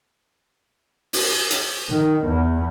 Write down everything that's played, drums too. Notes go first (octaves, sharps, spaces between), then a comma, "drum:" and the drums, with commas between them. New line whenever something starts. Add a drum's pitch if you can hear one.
drum: open hi-hat
drum: hi-hat
D#3
E2